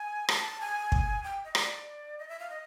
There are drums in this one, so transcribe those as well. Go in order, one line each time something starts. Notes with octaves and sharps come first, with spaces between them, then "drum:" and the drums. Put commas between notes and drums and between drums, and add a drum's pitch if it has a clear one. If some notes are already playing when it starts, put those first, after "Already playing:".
Already playing: G#5
A5, drum: rim click
A5
G#5
drum: kick
G5
D#5
D5, drum: rim click
D#5
E5
F5
D#5